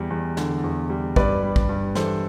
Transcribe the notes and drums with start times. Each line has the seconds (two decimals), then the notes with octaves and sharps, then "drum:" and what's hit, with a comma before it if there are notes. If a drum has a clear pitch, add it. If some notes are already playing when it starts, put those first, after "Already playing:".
Already playing: E2 G3
0.10 E2
0.37 D3, drum: snare
0.63 E2
0.90 G3
1.16 G2 B4 D5, drum: kick
1.43 G3
1.56 drum: kick
1.69 G2
1.95 E3 A4 C5, drum: snare